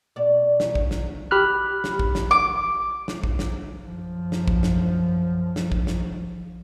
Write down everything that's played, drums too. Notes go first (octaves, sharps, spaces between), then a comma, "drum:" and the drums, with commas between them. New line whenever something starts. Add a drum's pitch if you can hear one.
B2 D5
drum: snare
drum: kick A#1
drum: snare
G4 B5 F6 F#6
drum: snare
drum: kick A#1
drum: snare
D6
drum: snare
drum: kick A#1
drum: snare
F#2 F3
drum: snare
drum: kick A#1
drum: snare
drum: snare
drum: kick A#1
drum: snare